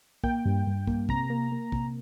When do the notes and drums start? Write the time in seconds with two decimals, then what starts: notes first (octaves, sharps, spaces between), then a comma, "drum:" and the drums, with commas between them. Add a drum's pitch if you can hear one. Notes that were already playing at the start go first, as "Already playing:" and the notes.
0.24 A#3 G5, drum: kick
0.45 G2
0.67 G2
0.87 A#3, drum: kick
1.09 C3 A#5, drum: kick
1.30 A#3
1.52 A#3
1.72 C3, drum: kick